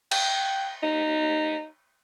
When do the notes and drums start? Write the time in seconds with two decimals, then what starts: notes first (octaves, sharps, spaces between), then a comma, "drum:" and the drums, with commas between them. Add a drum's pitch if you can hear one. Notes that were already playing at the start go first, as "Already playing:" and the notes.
0.11 G5, drum: cymbal
0.83 D#4